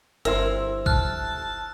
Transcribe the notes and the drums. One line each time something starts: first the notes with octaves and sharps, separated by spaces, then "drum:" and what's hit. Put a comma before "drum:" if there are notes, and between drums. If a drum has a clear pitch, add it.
G1 C4 E4 A#4 E6, drum: hi-hat
A5 F6 F#6, drum: kick